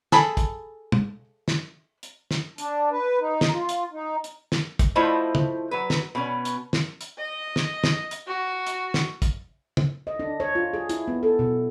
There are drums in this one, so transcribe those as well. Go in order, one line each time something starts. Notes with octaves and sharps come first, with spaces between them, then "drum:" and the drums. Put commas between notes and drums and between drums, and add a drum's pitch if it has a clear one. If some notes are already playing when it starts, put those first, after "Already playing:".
G#4 A4 B5, drum: snare
drum: kick, hi-hat
drum: tom
drum: snare
drum: hi-hat
drum: snare
D4, drum: hi-hat
B4
D#4
drum: snare
F4
drum: hi-hat
D#4
drum: hi-hat
drum: snare
drum: kick, hi-hat
F3 A3 E4 F4 C5 D#5
drum: tom
F#3 B4
drum: snare
B2 C#4
drum: hi-hat
drum: snare
drum: hi-hat
D#5
drum: snare
drum: snare
drum: hi-hat
F#4
drum: hi-hat
drum: snare
drum: kick, hi-hat
drum: tom
D#5
D4
C#5
F4
G#4
E4, drum: hi-hat
B3
A4
B2